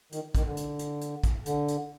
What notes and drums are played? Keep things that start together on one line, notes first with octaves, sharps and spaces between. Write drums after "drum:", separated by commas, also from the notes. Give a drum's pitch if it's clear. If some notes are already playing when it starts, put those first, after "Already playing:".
D#3, drum: hi-hat
D#3, drum: kick, hi-hat
D3
drum: hi-hat
drum: hi-hat
drum: hi-hat
drum: kick, hi-hat
D3, drum: hi-hat
drum: hi-hat